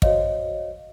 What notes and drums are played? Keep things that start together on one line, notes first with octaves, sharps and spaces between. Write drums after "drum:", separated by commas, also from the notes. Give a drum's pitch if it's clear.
F#4 C5 C#5 D#5 F5, drum: kick